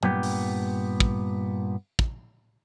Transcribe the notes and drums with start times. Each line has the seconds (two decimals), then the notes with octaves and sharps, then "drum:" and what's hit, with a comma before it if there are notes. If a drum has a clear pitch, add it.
0.03 G2 A#2 B3 G4, drum: tom F#3
0.23 drum: open hi-hat
1.00 drum: kick
1.99 drum: kick